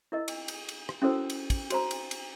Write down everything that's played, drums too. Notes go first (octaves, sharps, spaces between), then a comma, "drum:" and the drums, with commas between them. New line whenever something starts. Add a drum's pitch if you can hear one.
E4 A#4 D#5
drum: cymbal
drum: cymbal
drum: cymbal
drum: rim click
C#4 E4 F#4 A4 A#4 C5
drum: cymbal
drum: kick, cymbal
F#4 C5 A#5, drum: cymbal
drum: cymbal
drum: cymbal